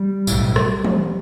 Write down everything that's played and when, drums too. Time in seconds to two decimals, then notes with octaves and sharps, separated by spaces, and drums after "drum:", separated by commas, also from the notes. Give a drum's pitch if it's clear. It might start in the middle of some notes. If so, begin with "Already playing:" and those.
Already playing: G3
0.27 B1 A2, drum: tambourine
0.56 drum: rim click
0.84 drum: tom E3